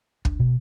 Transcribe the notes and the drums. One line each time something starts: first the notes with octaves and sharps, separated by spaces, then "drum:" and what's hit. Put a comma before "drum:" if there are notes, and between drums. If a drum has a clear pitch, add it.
D4, drum: kick
B2